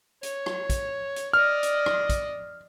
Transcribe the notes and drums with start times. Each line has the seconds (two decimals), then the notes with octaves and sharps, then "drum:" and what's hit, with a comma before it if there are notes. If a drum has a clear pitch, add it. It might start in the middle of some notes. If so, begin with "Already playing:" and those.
0.23 C#5, drum: hi-hat
0.46 drum: rim click
0.70 drum: kick, hi-hat
1.16 drum: hi-hat
1.33 D5 D#5 F6
1.63 drum: hi-hat
1.86 drum: rim click
2.09 drum: kick, hi-hat